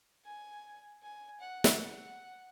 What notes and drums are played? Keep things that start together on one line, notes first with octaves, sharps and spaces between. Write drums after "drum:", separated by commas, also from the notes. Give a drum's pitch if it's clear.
G#5
G#5
F#5
drum: snare
F#5